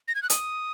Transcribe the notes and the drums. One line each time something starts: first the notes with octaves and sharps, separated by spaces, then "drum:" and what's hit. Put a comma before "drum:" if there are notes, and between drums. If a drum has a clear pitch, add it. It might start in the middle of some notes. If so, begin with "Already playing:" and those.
A#6
G#6
F#6
D#6, drum: hi-hat